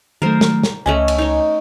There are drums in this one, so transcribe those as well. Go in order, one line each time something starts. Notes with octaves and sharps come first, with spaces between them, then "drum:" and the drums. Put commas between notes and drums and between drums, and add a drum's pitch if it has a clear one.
D#3 F#3 A3 A#4 C5
drum: snare
drum: snare
C#2 A3 C#4 D#5 G#5
drum: cymbal
D#4 C#5